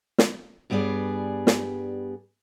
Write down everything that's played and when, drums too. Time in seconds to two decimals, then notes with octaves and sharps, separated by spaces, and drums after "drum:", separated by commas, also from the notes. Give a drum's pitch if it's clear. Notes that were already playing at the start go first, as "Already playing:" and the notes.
0.18 drum: snare
0.70 G2 G3 B3 D#4 G#4 D5
1.47 drum: snare